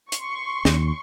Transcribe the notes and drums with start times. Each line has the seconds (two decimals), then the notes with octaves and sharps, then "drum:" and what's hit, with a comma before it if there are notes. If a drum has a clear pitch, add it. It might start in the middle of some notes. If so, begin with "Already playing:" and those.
0.12 C6 C#6, drum: hi-hat
0.65 D#2, drum: snare